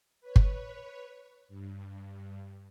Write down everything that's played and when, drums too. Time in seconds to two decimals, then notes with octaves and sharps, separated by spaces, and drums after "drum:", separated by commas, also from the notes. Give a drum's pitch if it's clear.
0.21 B4 C#5
0.36 drum: kick G1
1.48 G2